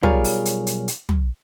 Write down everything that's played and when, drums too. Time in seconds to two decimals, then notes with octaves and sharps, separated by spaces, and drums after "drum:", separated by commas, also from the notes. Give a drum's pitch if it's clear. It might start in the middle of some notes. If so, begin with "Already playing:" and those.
0.03 B1 G3 F4 G#4 A#4 C#5, drum: tom
0.24 drum: open hi-hat
0.45 drum: hi-hat
0.67 drum: hi-hat
0.88 drum: hi-hat
1.09 drum: tom